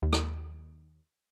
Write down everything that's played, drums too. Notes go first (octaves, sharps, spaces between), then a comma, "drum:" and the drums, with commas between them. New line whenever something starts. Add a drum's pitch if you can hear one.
D#2
drum: rim click